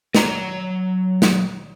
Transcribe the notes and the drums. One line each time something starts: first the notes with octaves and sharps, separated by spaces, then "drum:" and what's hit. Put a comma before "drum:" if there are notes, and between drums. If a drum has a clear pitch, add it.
F#3 A#5, drum: snare
drum: snare